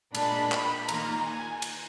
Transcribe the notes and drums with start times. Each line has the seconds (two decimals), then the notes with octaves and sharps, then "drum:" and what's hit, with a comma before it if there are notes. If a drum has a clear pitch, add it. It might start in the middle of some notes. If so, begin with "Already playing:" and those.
0.15 A#2 G#3 D4 B5, drum: cymbal
0.52 drum: clap
0.89 D#3 A#3 F4 A#5, drum: cymbal
1.26 G#5
1.62 drum: cymbal